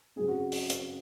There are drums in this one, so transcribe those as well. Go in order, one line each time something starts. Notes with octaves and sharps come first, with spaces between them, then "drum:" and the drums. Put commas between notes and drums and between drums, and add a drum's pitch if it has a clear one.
C#3 F#3 C4 G#4
F#4
drum: open hi-hat
drum: hi-hat